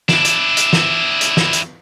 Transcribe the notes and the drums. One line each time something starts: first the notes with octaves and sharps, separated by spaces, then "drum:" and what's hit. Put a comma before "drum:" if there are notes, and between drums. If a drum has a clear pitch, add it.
D4 E4, drum: snare
drum: hi-hat
drum: hi-hat
drum: snare
drum: hi-hat
drum: snare
drum: hi-hat